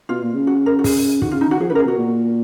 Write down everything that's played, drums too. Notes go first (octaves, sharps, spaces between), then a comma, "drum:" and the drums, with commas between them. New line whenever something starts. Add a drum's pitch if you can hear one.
B2 F4
A#2
C#3
F#4
A#4
F#4
G#4, drum: kick, open hi-hat
D#3 F#4, drum: kick
F4
C#3
D#4
D#3 F#4
F3 G#4
B4
C#3 A#4
G#4
B2 F#4
A#2